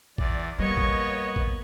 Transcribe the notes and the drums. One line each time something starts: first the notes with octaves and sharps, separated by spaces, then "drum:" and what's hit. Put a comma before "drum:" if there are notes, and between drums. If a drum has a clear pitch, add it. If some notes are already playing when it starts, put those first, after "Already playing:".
E2 E3 D5, drum: kick A1
G3 A#3 B3 C#5 D#5 C#6
drum: kick A1
drum: kick A1